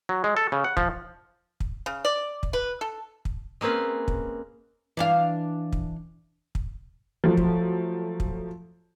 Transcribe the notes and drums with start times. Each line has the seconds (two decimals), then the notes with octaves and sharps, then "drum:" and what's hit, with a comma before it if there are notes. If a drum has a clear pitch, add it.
0.09 F#3
0.24 G#3
0.37 A4
0.52 C#3
0.64 F#5
0.77 F3, drum: kick
1.60 drum: kick
1.86 C#3
2.05 D5
2.43 drum: kick
2.53 B4
2.81 A4
3.25 drum: kick
3.61 G#3 A#3 C4 C#4 B4
4.08 drum: kick
4.97 E3 D4 F5
5.73 drum: kick
6.55 drum: kick
7.24 F3 F#3 A3
7.37 drum: kick
8.20 drum: kick